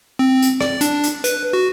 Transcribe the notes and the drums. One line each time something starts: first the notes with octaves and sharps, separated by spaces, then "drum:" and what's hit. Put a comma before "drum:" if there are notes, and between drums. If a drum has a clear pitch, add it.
C4
drum: hi-hat
D5, drum: rim click
D4, drum: hi-hat
drum: hi-hat
B4, drum: hi-hat
F#4